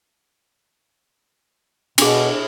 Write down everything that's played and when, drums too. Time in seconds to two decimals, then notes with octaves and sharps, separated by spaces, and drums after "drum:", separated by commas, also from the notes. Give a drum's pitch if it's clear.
1.98 B2 D4 G#4, drum: cymbal